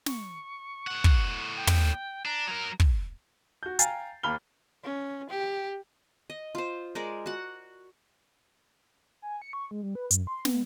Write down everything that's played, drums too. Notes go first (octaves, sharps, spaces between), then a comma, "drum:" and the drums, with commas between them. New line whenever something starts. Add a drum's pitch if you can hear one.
C#6, drum: snare
A2 F#5
drum: kick
G5
drum: tom
D4 A#5
F#3 A#4
drum: kick
F#4 G6
F5 G5 G#5 A#5 A6 C7, drum: hi-hat
D#2 A#3 B5 F6 G7
C#4
G4
D#5
F4 C5
G#3 A#4 D5
F#4 F#5
G#5
C#7
C#6
G#3
G3
B4
F#2, drum: hi-hat
C6
B3, drum: snare